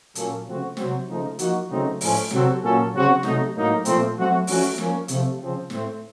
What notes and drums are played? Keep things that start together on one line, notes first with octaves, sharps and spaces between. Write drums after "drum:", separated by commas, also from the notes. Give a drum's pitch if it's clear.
A#2 F#3 A#3 C#4 A4, drum: hi-hat
C#3 F3 A3 C4 F#4
C3 F#3 C4, drum: snare
C#3 F3 A3 D#4
F3 A#3 D#4 F#4, drum: hi-hat
C#3 F#3 A3 C4 D#4
A2 F3 A3 C#4, drum: open hi-hat
C3 F#3 C4 F#4 A4, drum: snare
A#2 F#3 A#3 C#4 A4
C#3 F#3 C4 F#4
C3 F#3 A3 D#4, drum: snare
A2 F#3 A#3 D#4
A#2 F3 A3 C4, drum: hi-hat
F#3 A3 C4 F#4
F3 A3 C#4 F#4, drum: open hi-hat
F3 A#3 C#4, drum: snare
C3 F3 A3, drum: hi-hat
C#3 F3 C4
A2 A3 C4, drum: snare